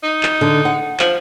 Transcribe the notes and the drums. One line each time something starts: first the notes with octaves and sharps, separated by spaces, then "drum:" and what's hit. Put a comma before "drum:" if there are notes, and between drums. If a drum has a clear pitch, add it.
D#4
drum: clap
D3
F#5
F3, drum: clap